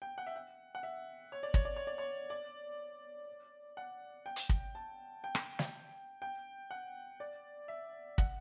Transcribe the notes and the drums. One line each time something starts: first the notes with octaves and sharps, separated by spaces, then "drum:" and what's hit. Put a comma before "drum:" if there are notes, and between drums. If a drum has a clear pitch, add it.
G5
F#5
E5
F#5
F#5
E5
C#5
D5
C#5, drum: kick
D5
C#5
D5
C#5
D5
F#5
G5
drum: hi-hat
drum: kick
A5
G5
drum: rim click
drum: snare
G5
F#5
D5
E5
F#5, drum: kick